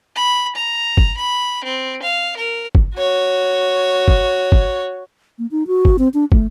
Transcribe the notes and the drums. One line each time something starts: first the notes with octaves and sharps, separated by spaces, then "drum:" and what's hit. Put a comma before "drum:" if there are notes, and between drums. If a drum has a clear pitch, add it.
B5
A#5
drum: kick
B5
C4
F5
A#4
drum: kick
F#4 C#5
drum: kick
drum: kick
A#3
D#4
F#4
drum: kick
C4
D4
A3, drum: kick